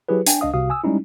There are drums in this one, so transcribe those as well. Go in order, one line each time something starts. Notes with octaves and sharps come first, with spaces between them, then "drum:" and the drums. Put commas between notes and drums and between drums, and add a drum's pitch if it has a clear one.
F#3 E4 G4 G#4 B4
D4 G5 G#5, drum: hi-hat
C#2 D4 D#5 F5 D#6
C2 C3 F#4 F5 D#6
G#5 D#6 E6
G3 G#3 C#4 D#4 E4